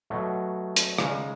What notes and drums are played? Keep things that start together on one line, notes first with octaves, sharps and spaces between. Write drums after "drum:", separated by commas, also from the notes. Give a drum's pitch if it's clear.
B2 F#3 A3
drum: hi-hat
C#3 G#3 D#4, drum: rim click